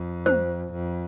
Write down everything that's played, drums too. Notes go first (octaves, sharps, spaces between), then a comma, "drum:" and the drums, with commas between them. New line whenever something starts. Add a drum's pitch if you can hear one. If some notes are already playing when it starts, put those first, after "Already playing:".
Already playing: F2
C5, drum: tom
F2